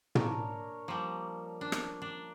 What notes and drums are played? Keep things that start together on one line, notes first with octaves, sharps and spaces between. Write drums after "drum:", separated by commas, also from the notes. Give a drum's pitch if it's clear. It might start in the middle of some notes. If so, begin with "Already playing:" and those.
D4 A#4 C#5, drum: tom
F3 G3 A#3
D4
drum: rim click
D4